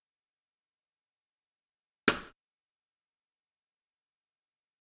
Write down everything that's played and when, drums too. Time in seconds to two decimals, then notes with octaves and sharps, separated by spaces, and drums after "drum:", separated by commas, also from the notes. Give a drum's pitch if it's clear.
0.77 C5 D#5 G#5
1.71 C#2 G3 G#5
2.08 drum: rim click
3.05 C#4 A#4 D#5 F#5 A#5
4.22 A#2 F4 F5 B5